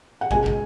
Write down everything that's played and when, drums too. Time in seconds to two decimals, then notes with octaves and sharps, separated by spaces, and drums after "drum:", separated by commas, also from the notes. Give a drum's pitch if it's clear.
0.21 F#5
0.31 C#2 B2 G#3 G#5, drum: kick
0.46 drum: kick